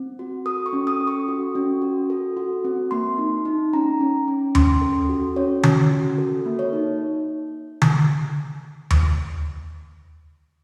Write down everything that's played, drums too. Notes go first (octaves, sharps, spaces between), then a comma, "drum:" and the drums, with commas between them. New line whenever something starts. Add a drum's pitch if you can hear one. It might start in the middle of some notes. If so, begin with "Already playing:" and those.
Already playing: C4
F#4
A4 D#6
C#6
C#4
D#6
A4
C#6
F#4
C#4
F#4
A4
F#4
C4
A#3 C6
D#4
D#4
C#4 A#5
C#4
C#4
C#4 C6, drum: tom D#2
A4
F#4
C#4 C#5
C#4, drum: tom D3
F#4
A4
A#3
C#5
D#4
drum: tom D3
drum: tom D#2